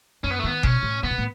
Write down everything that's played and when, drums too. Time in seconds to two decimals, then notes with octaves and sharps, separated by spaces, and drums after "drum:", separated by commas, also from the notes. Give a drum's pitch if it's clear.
0.24 F#2 C#4
0.31 B3
0.39 A3
0.43 D#3 B3
0.63 B2 C#4, drum: kick G1
0.83 A2
1.03 C#3 B3
1.11 B2
1.18 A2